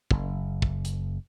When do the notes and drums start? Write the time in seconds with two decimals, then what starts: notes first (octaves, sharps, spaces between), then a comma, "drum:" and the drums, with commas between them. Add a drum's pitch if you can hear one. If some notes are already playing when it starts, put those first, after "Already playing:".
0.11 F#1, drum: kick
0.62 drum: kick
0.85 drum: hi-hat